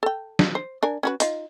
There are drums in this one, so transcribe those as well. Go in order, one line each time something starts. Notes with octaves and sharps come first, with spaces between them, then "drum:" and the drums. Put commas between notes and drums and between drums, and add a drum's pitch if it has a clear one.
A4 G5
drum: snare
C5
D4 A#4 G#5
C#4 F#4 B4
D#4 F4, drum: hi-hat